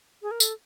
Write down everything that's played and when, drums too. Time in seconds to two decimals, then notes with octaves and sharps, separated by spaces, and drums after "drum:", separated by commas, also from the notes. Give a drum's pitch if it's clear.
0.22 G#4
0.31 A#4
0.40 A4, drum: tambourine